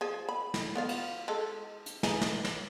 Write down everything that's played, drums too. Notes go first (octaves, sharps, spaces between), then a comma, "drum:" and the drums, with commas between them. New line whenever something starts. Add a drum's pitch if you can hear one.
F3 G#4
B5
drum: snare
B3 F4 F5
drum: cymbal
G#3 A4
drum: hi-hat
E3 D#4 G#4, drum: snare
drum: snare
drum: snare